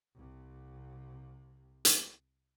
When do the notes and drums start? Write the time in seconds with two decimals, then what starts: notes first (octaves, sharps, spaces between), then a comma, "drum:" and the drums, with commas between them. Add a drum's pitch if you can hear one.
0.15 C2 C3
1.85 drum: hi-hat